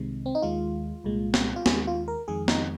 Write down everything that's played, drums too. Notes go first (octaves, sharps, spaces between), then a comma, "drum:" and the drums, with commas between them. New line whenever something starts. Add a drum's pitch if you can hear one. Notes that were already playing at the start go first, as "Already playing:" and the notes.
Already playing: C2 C3 D#3 G#3
C4
D#4
D#2 D#3 G#3 F4
C2 A#2 G#3
drum: snare
F4
D#2 D#3 G#3 G#4, drum: snare
F4
A#4
F2 D#3 G#3 G#4
D#4, drum: snare